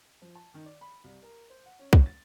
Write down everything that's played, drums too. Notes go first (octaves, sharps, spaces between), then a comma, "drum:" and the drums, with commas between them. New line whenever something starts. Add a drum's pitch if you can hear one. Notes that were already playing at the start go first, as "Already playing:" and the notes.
F3
A5
D#3
D5
B5
C2
A#4
C5
F#5
C#4
C#4, drum: kick
A6